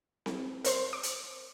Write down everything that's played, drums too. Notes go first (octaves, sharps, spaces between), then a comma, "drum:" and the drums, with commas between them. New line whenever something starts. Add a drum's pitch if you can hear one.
drum: snare C4
A#4 C5 C6, drum: hi-hat
D6
drum: hi-hat